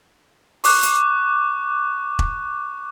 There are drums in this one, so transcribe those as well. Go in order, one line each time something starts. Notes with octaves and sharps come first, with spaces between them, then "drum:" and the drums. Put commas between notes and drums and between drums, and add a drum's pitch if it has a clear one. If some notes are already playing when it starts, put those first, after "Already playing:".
C#6 D6 F#6, drum: open hi-hat
drum: hi-hat
drum: kick E1